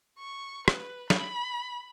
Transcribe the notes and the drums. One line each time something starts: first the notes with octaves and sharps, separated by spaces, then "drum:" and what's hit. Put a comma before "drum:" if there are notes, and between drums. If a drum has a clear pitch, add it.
C#6
B4, drum: rim click
B5, drum: snare